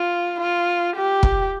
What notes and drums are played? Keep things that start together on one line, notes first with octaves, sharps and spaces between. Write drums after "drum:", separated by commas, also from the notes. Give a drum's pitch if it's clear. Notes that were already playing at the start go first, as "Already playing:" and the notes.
Already playing: F4
F4
G4
drum: kick